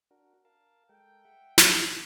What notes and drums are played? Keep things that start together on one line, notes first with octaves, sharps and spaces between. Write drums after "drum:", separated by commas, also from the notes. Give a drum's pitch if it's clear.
D4 F#4 A#4
A#4 F5 A5
G#3 A4 A#4 G5
E5 F#5
drum: snare
E3 D4